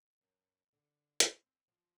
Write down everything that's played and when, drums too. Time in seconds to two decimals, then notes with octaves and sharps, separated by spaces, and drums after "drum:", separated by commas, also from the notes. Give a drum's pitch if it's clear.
0.21 F#2
0.73 D3
1.20 drum: hi-hat
1.43 C4
1.68 F3